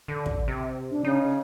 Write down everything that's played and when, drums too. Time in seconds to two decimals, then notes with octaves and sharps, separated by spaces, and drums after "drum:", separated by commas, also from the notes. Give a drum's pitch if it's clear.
0.08 D3
0.26 drum: kick
0.48 C3
0.91 D4
1.04 C#3 D#4